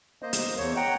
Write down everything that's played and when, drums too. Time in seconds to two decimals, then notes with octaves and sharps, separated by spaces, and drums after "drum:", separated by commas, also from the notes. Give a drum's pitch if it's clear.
0.22 A#3 C5 D#5
0.33 drum: hi-hat
0.58 E2 C#5
0.76 F#5 G5 A#5